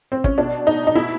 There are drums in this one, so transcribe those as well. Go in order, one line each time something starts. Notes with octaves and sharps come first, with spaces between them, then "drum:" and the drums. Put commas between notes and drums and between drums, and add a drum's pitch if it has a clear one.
C4
C#4, drum: kick
B2 D4
D#4
D#4
B2 E4